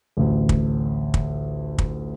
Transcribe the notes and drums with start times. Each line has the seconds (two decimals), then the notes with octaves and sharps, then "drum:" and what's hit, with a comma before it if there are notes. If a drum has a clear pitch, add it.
0.17 A1 D2
0.49 drum: kick
1.14 drum: kick
1.78 drum: kick